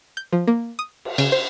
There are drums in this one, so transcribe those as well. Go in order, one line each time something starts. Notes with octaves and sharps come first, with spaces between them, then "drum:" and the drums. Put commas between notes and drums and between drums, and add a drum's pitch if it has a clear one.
G6
F3
A#3
D#6
drum: cymbal
C#3, drum: cymbal
C5